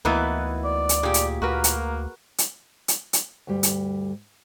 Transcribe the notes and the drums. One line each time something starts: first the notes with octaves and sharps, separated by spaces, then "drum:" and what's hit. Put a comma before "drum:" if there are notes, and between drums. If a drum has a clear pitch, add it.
D2 E3 A#3 B3 D#4 E4 B4
D5
drum: hi-hat
A#2 G4 G#4
drum: hi-hat
D2 A#3 F#4 A#4 B4
drum: hi-hat
drum: hi-hat
drum: hi-hat
drum: hi-hat
D2 G2 G3
drum: hi-hat